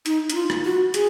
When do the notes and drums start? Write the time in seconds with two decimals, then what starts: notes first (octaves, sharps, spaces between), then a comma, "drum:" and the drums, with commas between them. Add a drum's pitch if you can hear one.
0.06 D#4, drum: hi-hat
0.30 D#4, drum: hi-hat
0.35 F4
0.50 drum: rim click
0.65 F#4
0.94 G#4, drum: hi-hat